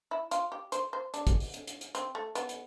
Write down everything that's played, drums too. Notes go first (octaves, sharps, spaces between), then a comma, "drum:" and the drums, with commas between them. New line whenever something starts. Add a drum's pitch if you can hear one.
E4
F4, drum: hi-hat
G4
C5, drum: hi-hat
C5
D4, drum: hi-hat
drum: kick, hi-hat
drum: open hi-hat
drum: hi-hat
drum: hi-hat
drum: hi-hat
C4, drum: hi-hat
A3
B3, drum: hi-hat
drum: hi-hat